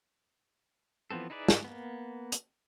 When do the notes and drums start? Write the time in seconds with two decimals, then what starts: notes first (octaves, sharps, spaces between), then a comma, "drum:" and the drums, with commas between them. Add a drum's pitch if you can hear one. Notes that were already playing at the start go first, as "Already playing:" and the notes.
1.11 E3 F3 B3 C4 A4
1.30 D#4 E4 G#4 B4 D5
1.48 drum: snare
1.64 A#3 B3
2.32 drum: hi-hat